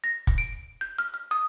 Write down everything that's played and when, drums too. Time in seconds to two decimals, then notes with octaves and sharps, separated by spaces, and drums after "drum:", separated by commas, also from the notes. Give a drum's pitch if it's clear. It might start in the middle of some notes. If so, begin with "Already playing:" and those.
0.04 A#6
0.27 drum: kick
0.38 D7
0.81 G6
0.98 F6
1.14 F6
1.31 D#6